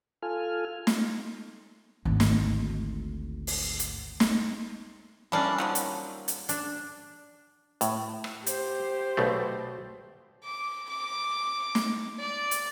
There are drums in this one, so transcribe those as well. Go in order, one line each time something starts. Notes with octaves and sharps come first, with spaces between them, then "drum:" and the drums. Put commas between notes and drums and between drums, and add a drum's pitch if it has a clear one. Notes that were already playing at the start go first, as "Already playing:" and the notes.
F4 A4 G#5 F6
drum: snare
G#1 D2
drum: snare
drum: open hi-hat
drum: hi-hat
drum: snare
E3 G3 A#3 C#4 D4
D#3 F3 F#3
drum: hi-hat
drum: hi-hat
D4, drum: hi-hat
A2, drum: hi-hat
drum: rim click
G4 C5, drum: hi-hat
B1 B2 A3
D6
D6
drum: snare
D5
drum: hi-hat